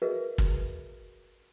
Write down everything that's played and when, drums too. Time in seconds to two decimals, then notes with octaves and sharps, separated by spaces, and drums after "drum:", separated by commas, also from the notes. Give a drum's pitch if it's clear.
0.02 F#4 G#4 A#4 B4 D#5 E5
0.38 drum: kick